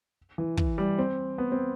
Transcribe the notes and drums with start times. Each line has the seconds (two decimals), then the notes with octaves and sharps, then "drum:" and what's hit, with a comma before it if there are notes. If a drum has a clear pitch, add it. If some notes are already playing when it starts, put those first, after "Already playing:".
0.38 E3
0.57 E3, drum: kick
0.78 G3
0.98 C4
1.38 B3
1.52 C4